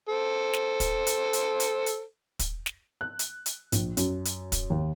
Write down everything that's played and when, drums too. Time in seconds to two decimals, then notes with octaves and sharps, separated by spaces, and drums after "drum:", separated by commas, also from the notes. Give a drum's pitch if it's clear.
0.09 A4 C5
0.53 drum: snare
0.80 drum: kick, hi-hat
1.07 drum: hi-hat
1.33 drum: hi-hat
1.60 drum: hi-hat
1.86 drum: hi-hat
2.39 drum: kick, hi-hat
2.66 drum: snare
3.01 F#6
3.19 drum: hi-hat
3.46 drum: hi-hat
3.72 A#1, drum: hi-hat
3.97 F#2, drum: hi-hat
4.25 drum: hi-hat
4.52 drum: kick, hi-hat
4.70 D#2